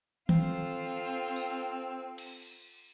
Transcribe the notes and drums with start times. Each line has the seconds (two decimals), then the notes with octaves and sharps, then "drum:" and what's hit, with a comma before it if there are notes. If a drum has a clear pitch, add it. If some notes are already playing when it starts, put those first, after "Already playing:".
0.29 C4 F4 A4, drum: tom D#3
1.36 drum: tambourine
2.18 drum: cymbal